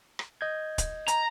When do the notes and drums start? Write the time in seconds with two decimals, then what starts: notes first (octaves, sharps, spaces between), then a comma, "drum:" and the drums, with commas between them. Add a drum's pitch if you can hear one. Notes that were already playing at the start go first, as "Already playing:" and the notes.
0.19 drum: rim click
0.41 D#5 G6 G#6
0.78 drum: kick, hi-hat
1.08 A#5, drum: hi-hat